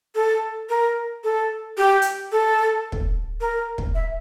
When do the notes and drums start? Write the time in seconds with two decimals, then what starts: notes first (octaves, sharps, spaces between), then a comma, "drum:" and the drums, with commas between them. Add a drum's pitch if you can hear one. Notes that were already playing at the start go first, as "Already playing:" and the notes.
0.15 A4
0.69 A#4
1.24 A4
1.78 G4
2.02 drum: hi-hat
2.32 A4
2.92 drum: kick
3.41 A#4
3.78 drum: kick
3.95 E5